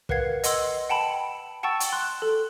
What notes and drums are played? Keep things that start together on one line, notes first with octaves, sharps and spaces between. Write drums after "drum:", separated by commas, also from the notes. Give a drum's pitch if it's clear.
A#4 B4 F5 F#5 G#6 C7, drum: kick
D#5 F#5 C6 E6, drum: hi-hat
F#5 G5 A5 B5 C#7
F#5 G5 A5 C#6 E6 A6
drum: hi-hat
C6 F#6
A4